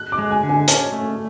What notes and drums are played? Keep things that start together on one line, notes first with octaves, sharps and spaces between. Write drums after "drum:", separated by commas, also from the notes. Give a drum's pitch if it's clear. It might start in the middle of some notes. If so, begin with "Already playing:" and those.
Already playing: F#6
D6
G#3
G#5
D3
G#5
C#4 A5, drum: hi-hat
A3